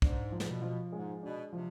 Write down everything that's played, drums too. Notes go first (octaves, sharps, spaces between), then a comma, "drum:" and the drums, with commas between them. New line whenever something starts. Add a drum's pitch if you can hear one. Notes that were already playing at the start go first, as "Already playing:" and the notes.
G#2 D4, drum: kick
F3
G#2, drum: snare
B2
F3
G#2 G#3
B2 D4
C3 F3